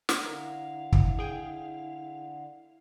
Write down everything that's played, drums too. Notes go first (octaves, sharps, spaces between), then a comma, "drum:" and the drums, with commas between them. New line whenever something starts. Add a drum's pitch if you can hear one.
drum: snare
D3 E4 A#4 F5
drum: kick
G#4 G5